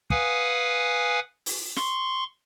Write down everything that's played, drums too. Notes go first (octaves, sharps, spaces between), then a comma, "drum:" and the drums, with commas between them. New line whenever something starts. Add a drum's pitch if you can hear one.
B4 F5 F#5 G#5 D#6, drum: kick
drum: open hi-hat
C6 C#6, drum: snare